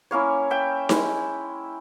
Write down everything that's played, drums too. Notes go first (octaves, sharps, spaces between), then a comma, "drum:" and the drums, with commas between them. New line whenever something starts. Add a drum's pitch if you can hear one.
A#3 C#4 E4 C#5 F5
E5 G5
G#3 E4, drum: snare D#4